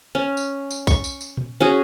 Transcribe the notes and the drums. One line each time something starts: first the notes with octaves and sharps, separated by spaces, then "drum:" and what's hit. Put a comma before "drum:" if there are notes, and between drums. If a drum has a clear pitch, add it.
C#4
drum: tambourine
drum: tambourine
C#6, drum: kick B1, tambourine
drum: tambourine
drum: tambourine
drum: tom A#2
C#4 F#4 G#4